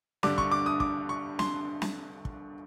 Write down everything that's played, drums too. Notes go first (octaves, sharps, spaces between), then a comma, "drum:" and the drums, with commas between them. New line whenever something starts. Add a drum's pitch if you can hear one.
G2 D3 G3 D6, drum: snare
C#6, drum: kick
D6
D#6
D6, drum: kick
C#6
C6, drum: snare
drum: snare
drum: kick